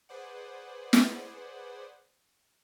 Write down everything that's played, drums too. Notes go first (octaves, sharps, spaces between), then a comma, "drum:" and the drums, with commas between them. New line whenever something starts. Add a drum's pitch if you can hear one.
G#4 B4 C5 D5 F#5
drum: snare